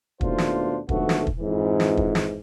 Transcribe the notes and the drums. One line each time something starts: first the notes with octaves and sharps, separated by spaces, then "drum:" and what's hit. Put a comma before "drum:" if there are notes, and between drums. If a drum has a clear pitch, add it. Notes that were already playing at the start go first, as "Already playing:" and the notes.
D#2 B2 A3 D4 F4 C5, drum: kick
drum: snare
G#2 D3 F3 A3 B3 F#4, drum: kick
drum: snare
drum: kick
F2 G#2 E3
drum: snare
drum: kick
drum: snare